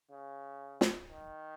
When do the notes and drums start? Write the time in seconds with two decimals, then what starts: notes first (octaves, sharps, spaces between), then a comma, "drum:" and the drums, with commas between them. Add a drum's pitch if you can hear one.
0.11 C#3
0.81 drum: snare
1.09 D#3